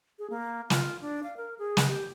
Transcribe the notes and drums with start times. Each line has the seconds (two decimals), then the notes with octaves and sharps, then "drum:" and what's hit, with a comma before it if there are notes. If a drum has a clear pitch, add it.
0.19 G#4
0.30 A#3
0.70 F4, drum: snare
1.01 D4
1.23 F5
1.37 A#4
1.59 G#4
1.77 drum: snare
1.87 G4